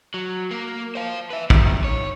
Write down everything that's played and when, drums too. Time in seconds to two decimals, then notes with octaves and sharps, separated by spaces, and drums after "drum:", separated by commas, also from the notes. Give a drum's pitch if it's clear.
0.14 F#3
0.51 A#3
0.95 C5 F5
1.30 B4 E5
1.50 F#2 D#3, drum: kick
1.84 C#5